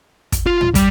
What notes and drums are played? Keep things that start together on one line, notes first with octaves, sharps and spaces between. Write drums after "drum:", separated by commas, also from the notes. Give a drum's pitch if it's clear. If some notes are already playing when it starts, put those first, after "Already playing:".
drum: kick, hi-hat
F4
drum: tom
G3, drum: kick, hi-hat